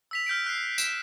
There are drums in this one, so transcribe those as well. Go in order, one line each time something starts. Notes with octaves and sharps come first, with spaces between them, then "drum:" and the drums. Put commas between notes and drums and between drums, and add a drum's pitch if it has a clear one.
E6 B6 F7
F6 G6 B6 D7
F#6 C7
B6 E7, drum: tambourine